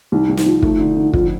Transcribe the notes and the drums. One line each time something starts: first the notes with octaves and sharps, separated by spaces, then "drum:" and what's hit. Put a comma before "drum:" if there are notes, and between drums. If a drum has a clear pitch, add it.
C2 D#4
C2
D#4, drum: snare
F3
A3, drum: kick
D3
D3
F2 F4, drum: kick